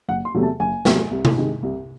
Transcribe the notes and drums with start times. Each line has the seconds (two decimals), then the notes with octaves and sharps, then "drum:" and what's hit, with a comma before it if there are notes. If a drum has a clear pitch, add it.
0.08 F#1 F#5
0.25 C6
0.35 E2 C3 F#3 A3
0.43 A5
0.60 F#1 G#5
0.85 E2 C3 F#3 A3, drum: snare
1.11 C2
1.25 drum: tom C3
1.37 C3 D#3 G#3
1.63 C2